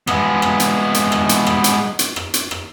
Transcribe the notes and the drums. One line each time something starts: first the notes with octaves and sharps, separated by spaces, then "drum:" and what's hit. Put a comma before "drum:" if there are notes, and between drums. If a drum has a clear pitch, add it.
G#3 B3, drum: rim click
drum: rim click
drum: hi-hat
drum: hi-hat
drum: rim click
drum: hi-hat
drum: rim click
drum: hi-hat
drum: hi-hat
drum: rim click
drum: hi-hat
drum: rim click